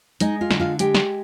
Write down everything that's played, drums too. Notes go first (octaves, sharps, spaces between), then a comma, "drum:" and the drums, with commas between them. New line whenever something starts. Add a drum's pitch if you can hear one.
G#3 D#4 D#5, drum: hi-hat
F4 F5
D3, drum: snare
F4 F5
G#3 G4 G5, drum: hi-hat
drum: snare